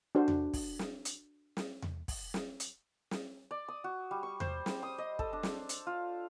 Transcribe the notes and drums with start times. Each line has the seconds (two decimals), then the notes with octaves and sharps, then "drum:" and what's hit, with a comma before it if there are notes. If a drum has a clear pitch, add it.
0.15 D4 F#4 C5
0.28 drum: tom E2
0.54 drum: kick, open hi-hat
0.79 drum: snare
1.05 drum: hi-hat
1.57 drum: snare
1.82 drum: tom E2
2.08 drum: kick, open hi-hat
2.34 drum: snare
2.60 drum: hi-hat
3.11 drum: snare
3.51 D5
3.68 D#6
3.84 F#4
4.11 G3
4.23 C#6
4.40 C5, drum: tom E2
4.66 drum: snare
4.83 D#6
4.98 D#5
5.19 A4, drum: kick
5.33 D4
5.43 drum: snare
5.69 drum: hi-hat
5.87 F4